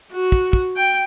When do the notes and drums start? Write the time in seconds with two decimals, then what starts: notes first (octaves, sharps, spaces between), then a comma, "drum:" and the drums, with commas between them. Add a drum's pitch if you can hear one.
0.12 F#4
0.32 drum: kick
0.53 drum: kick
0.76 G5